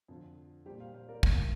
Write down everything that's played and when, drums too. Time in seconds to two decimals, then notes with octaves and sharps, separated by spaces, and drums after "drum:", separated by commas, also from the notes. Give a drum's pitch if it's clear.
0.08 F2 D3 F3
0.66 A#2 G3 G4 C5
0.80 C5 F5
0.94 C5 F5
1.08 A#4 D5
1.23 drum: kick